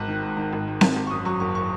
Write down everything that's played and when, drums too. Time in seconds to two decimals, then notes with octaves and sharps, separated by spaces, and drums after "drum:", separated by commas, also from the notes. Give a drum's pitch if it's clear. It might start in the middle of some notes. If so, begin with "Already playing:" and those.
Already playing: G#1 F#6
0.08 D#3
0.22 G#2
0.37 D#3
0.53 G#1
0.67 G#2
0.81 G#1, drum: snare C4
0.96 G#1
1.07 C#6
1.10 F#2 D#6
1.25 F#3 C#6
1.40 F#1 C#6
1.55 C#6